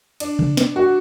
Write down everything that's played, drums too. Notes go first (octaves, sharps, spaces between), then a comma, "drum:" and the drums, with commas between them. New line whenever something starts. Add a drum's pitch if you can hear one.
D4, drum: cymbal
drum: tom C3
drum: snare
F#4